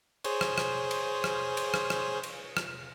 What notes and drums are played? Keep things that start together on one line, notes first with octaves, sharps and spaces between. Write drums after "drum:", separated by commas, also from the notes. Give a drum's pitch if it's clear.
G#4 C5 C#5, drum: cymbal
drum: rim click
drum: rim click
drum: cymbal
drum: rim click
drum: cymbal
drum: rim click
drum: rim click
drum: cymbal
drum: rim click